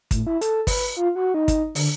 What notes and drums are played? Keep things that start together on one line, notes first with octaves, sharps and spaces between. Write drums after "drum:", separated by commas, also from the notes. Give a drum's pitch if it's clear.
A2, drum: kick, hi-hat
E4
A4, drum: hi-hat
B4, drum: kick, open hi-hat
F4
F#4
D#4
drum: kick, hi-hat
D3, drum: open hi-hat